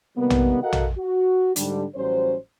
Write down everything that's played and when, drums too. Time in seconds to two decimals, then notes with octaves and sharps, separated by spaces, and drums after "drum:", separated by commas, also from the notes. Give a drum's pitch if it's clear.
0.17 C3 D#3 G3 A#3 B3
0.30 drum: tom A#1
0.63 F#4 A4 A#4 D#5 F5 F#5
0.72 drum: tom A#1
0.98 F#4
1.56 G#2 D3 G3 D4, drum: hi-hat
1.96 A1 F#3 G3 C#4 C5